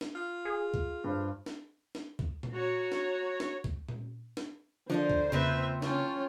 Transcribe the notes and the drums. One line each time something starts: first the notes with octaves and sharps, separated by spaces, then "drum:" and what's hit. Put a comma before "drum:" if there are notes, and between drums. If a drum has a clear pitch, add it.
drum: snare
F4
G#4
drum: kick
G2 C5
drum: snare
drum: snare
drum: kick
drum: tom A#2
F#4 C#5 A#5
drum: snare
drum: snare
drum: kick
drum: tom A#2
drum: snare
D3 F3 D4 A#4 C5 D#5
drum: kick
C#3 F3 A#3 C4 D#4 B4 E5, drum: tom E2
C#4 F4 C#5 G5 A5, drum: snare